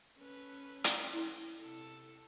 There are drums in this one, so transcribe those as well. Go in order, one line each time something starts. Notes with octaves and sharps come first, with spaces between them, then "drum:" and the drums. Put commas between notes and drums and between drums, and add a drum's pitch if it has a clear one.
C#4 A4 B4
drum: hi-hat
E4
C3 A4